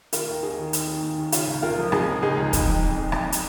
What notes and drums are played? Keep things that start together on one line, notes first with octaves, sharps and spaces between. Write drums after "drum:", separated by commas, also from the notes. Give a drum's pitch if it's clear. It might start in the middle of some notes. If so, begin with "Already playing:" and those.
D#3 F4 A#4, drum: hi-hat
D#2
D#2 D#4 G#4
D#3
D#2, drum: hi-hat
D#3
D#2
D#3
C#3 C#4 F4, drum: hi-hat
C#2
C#2 F4 A#4
F3
F3 D#4 G#4, drum: rim click
C#2
C#2 D#4 G#4
C#2
F2, drum: kick, hi-hat
F2
F2
F2
F2, drum: rim click
drum: hi-hat